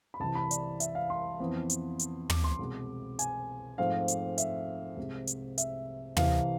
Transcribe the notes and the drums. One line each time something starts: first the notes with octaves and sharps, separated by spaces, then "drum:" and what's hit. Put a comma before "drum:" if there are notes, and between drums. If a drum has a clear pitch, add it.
B5
C2 C3 E3 A5
B5
D5, drum: hi-hat
E5, drum: hi-hat
F5
C6
F2 E3 B3
drum: hi-hat
drum: hi-hat
D6, drum: tom
C6
C2 B2 G#3 B3
G#5, drum: hi-hat
G#2 F3 A3 C4 F5
drum: hi-hat
E5, drum: hi-hat
C2 C3 G#3
drum: hi-hat
E5, drum: hi-hat
C2 C3 E3 F5, drum: tom